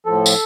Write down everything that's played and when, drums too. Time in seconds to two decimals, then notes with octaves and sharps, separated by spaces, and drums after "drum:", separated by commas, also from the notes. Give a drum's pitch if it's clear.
0.06 A2 F3 A4
0.26 drum: tambourine